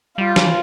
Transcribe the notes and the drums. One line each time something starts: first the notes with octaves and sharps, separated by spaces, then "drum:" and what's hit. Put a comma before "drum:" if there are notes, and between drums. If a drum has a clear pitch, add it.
G3 F4
drum: snare
E3